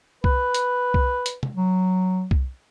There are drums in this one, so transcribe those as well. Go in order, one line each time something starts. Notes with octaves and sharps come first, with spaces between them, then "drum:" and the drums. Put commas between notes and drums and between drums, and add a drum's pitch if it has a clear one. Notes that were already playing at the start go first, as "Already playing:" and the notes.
B4, drum: kick C2
drum: hi-hat
drum: kick C2
drum: hi-hat
drum: tom
F#3
drum: kick C2